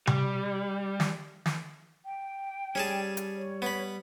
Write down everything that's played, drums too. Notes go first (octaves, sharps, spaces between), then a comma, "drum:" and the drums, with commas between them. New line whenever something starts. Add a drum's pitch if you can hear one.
G3, drum: tom C3
drum: snare
drum: snare
G5
G3 C#4 G#4 A5
drum: hi-hat
C#5
B3 B5